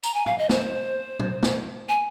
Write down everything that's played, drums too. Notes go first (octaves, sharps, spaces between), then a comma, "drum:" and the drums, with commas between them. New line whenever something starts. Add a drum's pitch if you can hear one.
A#5, drum: tambourine
G#5
F5, drum: tom
D#5
C5, drum: snare
drum: tom
drum: snare
G#5